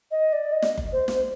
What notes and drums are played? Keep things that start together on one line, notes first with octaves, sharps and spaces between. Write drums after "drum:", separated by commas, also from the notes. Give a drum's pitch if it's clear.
D#5
D5
D#5
drum: snare
drum: kick F#1
C5
drum: snare